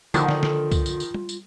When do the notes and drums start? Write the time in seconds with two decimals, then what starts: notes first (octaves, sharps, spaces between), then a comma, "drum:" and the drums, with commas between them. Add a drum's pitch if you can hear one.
0.14 D3 D#3 F3 F4, drum: tambourine
0.28 drum: snare
0.43 drum: snare
0.71 drum: kick, tambourine
0.86 drum: tambourine
1.00 drum: tambourine
1.14 drum: tom G3
1.29 drum: tambourine